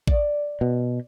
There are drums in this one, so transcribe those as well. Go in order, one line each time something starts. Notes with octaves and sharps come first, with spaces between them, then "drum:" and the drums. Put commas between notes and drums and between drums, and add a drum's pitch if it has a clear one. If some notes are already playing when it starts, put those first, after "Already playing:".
D5, drum: kick
B2